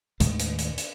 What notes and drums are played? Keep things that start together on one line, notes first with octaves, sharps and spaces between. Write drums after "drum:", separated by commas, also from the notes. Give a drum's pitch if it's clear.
D#2 A2 D#3 G#3, drum: hi-hat
drum: hi-hat
drum: hi-hat
drum: hi-hat